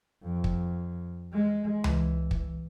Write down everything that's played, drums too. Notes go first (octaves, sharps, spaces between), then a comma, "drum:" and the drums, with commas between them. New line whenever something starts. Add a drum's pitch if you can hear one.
F2
drum: kick
G#3
E3, drum: tom C#2
drum: kick